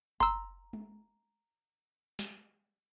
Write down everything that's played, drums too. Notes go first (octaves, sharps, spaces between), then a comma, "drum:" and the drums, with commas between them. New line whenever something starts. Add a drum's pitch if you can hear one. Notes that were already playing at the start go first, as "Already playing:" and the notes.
A#5 C6 E6, drum: kick F#1
drum: tom
drum: snare